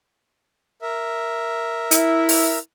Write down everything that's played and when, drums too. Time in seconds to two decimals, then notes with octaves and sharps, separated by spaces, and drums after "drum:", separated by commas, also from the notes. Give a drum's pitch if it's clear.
0.82 A#4 E5
1.91 E4, drum: hi-hat
2.29 drum: open hi-hat